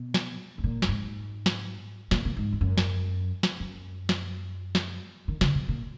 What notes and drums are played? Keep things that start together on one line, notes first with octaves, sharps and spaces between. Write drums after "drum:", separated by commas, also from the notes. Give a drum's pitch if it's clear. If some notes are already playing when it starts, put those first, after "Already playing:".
Already playing: B2
drum: snare
G#2
A#2
F#2, drum: snare
G#2
drum: snare
A#2, drum: snare
A#2
G#2
E2
F#2
drum: snare
drum: snare
F#2
drum: snare
drum: snare
D#3
C#3, drum: snare
B2
A#2